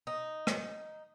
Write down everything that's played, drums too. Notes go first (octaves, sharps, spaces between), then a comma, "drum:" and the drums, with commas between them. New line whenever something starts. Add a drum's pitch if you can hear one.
D#4
drum: rim click